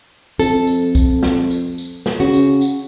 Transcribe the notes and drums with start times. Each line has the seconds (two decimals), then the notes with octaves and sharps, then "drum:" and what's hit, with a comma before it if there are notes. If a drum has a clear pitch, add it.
0.40 F2 A4, drum: tambourine
0.67 drum: tambourine
0.95 drum: kick, tambourine
1.23 drum: snare
1.50 drum: tambourine
1.78 drum: tambourine
2.06 drum: snare
2.20 C#3 F#4
2.34 drum: tambourine
2.61 drum: tambourine